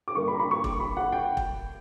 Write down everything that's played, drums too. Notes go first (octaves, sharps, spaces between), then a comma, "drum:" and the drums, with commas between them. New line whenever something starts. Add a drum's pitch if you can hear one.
D6
G2 D3 A#3 D4 C#6
B5
A#5
B5
C#6
D6, drum: kick E1
B5
F#5
G5
drum: kick E1